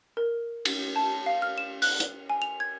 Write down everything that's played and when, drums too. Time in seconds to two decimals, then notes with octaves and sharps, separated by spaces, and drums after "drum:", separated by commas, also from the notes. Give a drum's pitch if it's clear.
0.17 A#4
0.65 drum: cymbal
0.96 A5
1.26 F5
1.42 F6
1.58 E7
1.82 F#6, drum: open hi-hat
2.00 drum: hi-hat
2.30 G#5
2.42 F7
2.60 G#6